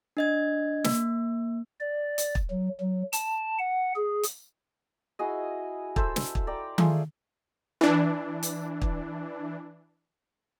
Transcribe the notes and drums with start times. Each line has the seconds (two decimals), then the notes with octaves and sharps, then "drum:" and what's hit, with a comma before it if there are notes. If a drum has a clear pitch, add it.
0.17 D4 D#5 G#6
0.84 A#3, drum: snare
1.80 D5
2.18 drum: hi-hat
2.35 drum: kick
2.51 F#3
2.80 F#3
3.13 A5, drum: hi-hat
3.58 F#5
3.96 G#4
4.23 drum: hi-hat
5.19 E4 F#4 G#4 D#5
5.96 A4 C5 E5 B5, drum: kick
6.16 drum: snare
6.35 drum: kick
6.47 D5 G5 A#5
6.78 A3 F4 G#4, drum: tom D#3
7.81 E3 D4
8.43 drum: hi-hat
8.82 drum: kick